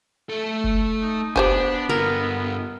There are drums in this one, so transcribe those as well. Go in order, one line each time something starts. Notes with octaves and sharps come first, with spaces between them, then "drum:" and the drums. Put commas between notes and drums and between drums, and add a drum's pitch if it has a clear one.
A3 A4
drum: kick F1
D#4
B3 D4 G4 C5 G#5, drum: kick F1
G2 D3 A#4